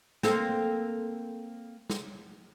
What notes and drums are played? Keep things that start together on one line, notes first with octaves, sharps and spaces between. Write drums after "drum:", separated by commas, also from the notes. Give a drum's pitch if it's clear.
A#3 C4 A4, drum: snare
drum: snare